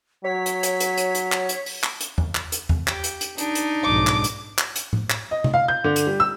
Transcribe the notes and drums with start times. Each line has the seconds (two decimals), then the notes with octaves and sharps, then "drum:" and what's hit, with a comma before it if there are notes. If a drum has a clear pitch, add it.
0.24 F#3 C#5 B6
0.46 drum: hi-hat
0.63 drum: hi-hat
0.80 drum: hi-hat
0.97 drum: hi-hat
1.15 drum: hi-hat
1.32 drum: clap
1.49 drum: hi-hat
1.66 drum: open hi-hat
1.83 drum: clap
2.01 drum: hi-hat
2.18 drum: tom E2
2.35 drum: clap
2.52 drum: hi-hat
2.69 drum: tom E2
2.87 G4, drum: clap
3.04 drum: hi-hat
3.21 drum: hi-hat
3.38 D4 D#4, drum: hi-hat
3.55 drum: hi-hat
3.83 B1 F2 G#2 D6
4.07 drum: clap
4.24 drum: hi-hat
4.58 drum: clap
4.76 drum: hi-hat
4.93 drum: tom A2
5.10 drum: clap
5.31 D#5
5.44 drum: tom C3
5.54 F5
5.68 G6
5.84 D3
5.96 drum: hi-hat
6.07 G3
6.20 E6